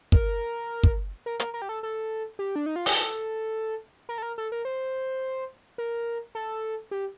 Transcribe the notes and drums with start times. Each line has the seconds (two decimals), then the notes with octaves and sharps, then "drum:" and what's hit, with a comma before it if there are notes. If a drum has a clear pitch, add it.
0.12 A#4, drum: kick
0.83 drum: kick
1.26 A#4
1.40 A#4, drum: hi-hat
1.54 A#4
1.62 G4
1.69 A4
1.83 A4
2.39 G4
2.56 D4
2.66 D#4
2.76 F4
2.86 G4, drum: open hi-hat
2.95 A4
4.09 A#4
4.18 A4
4.22 A#4
4.38 A4
4.52 A#4
4.65 C5
5.78 A#4
6.35 A4
6.91 G4